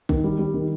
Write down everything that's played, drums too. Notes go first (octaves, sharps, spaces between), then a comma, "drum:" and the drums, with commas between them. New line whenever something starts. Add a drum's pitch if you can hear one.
D#3, drum: kick
G3
G3
D#3